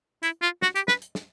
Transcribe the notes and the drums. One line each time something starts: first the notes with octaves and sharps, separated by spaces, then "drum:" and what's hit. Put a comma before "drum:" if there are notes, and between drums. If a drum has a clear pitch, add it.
E4, drum: hi-hat
F4
F#4, drum: snare
G4, drum: hi-hat
B4, drum: snare
drum: hi-hat
drum: snare